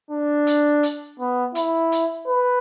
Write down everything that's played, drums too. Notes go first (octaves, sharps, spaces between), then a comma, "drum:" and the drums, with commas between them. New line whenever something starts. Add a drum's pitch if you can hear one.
D4
drum: hi-hat
drum: hi-hat
B3
E4, drum: hi-hat
drum: hi-hat
B4